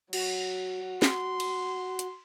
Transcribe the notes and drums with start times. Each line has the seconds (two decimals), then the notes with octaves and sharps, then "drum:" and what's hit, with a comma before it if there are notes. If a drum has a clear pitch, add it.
0.13 F#3 F#4, drum: cymbal
1.02 C6, drum: snare
1.40 drum: cymbal
1.99 drum: hi-hat